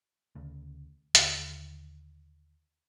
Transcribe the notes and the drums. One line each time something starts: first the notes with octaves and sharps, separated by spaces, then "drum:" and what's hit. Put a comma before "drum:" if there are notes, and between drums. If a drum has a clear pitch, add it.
D2 C#3 A3
D#2 D3, drum: hi-hat